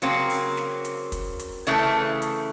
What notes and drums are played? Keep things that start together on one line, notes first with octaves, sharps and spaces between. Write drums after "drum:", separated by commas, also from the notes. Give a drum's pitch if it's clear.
C#3 F#3 A#3 C4, drum: hi-hat
drum: open hi-hat
drum: snare
drum: hi-hat
drum: kick, hi-hat
drum: hi-hat
C#3 E3 A3, drum: hi-hat
drum: hi-hat